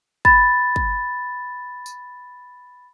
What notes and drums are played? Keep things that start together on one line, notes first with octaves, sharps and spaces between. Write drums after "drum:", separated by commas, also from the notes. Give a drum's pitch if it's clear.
B5 A6, drum: kick
drum: kick
drum: tambourine